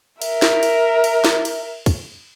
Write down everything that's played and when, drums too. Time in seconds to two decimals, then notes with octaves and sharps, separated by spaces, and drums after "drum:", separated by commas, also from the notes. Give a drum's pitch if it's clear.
0.22 A#4 E5, drum: cymbal
0.42 drum: snare
0.63 drum: cymbal
1.04 drum: cymbal
1.24 drum: snare
1.45 drum: cymbal
1.86 drum: kick, cymbal